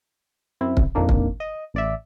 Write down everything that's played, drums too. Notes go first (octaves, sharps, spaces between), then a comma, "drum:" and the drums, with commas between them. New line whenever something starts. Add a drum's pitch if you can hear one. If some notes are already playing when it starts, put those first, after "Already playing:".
F#2 C4 E4
drum: kick
F2 A#2 D#3 A#3 D4
drum: kick
D#5
A1 D5 E5